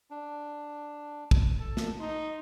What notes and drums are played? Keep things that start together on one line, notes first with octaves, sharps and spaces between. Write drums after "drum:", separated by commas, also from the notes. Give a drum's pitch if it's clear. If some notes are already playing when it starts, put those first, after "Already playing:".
D4
drum: kick
A4 A5
drum: snare
D#4 C6